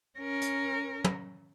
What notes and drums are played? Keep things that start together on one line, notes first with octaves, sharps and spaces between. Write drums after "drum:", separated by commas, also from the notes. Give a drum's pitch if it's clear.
C#4 A#4
drum: hi-hat
drum: tom